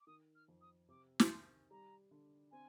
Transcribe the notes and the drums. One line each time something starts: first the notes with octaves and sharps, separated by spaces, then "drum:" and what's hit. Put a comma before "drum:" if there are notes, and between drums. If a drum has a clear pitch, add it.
D6
D#3 D#6
F6
F2
D#6
C3 D6
drum: snare
D#3 C6
G3 A#5
D3
C4 G#5